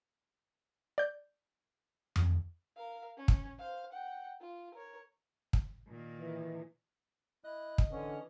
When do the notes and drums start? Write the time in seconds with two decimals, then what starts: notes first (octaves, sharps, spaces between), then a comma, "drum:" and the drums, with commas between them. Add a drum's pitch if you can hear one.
0.98 D5 G6
2.16 drum: tom F2
2.76 A#4 F5
3.18 C#4
3.28 drum: kick
3.59 C5 F5
3.92 F#5 G5
4.41 F4
4.74 A#4 C#5
5.53 drum: kick
5.89 A#2 D#3
6.20 E3
7.44 E4 D#5 F#6
7.78 drum: kick
7.90 D3 E3 C#4